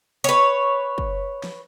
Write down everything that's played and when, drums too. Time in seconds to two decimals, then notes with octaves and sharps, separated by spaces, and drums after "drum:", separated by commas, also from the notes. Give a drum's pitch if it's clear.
0.24 B4 C#5
0.98 drum: kick
1.44 drum: snare